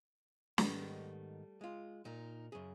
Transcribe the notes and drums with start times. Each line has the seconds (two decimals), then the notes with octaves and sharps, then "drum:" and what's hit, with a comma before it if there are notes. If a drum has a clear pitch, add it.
0.58 G#2 D#3 G3 A3 B3, drum: snare
1.61 G#3 F4
2.05 A#2 D#4 A#4
2.52 F#2 C#3 G#4